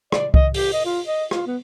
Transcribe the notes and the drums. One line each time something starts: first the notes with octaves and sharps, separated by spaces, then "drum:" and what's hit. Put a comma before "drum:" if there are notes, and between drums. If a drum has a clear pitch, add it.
D5, drum: rim click
D#5, drum: kick C2
G4, drum: open hi-hat
D#5
F4
D#5
F4, drum: rim click
B3